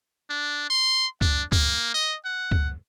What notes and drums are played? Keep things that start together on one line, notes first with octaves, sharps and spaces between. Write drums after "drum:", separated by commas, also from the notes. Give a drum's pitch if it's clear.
D4
C6
D4, drum: kick C#2
A#3, drum: kick C#2
D#5
F#5
drum: kick C#2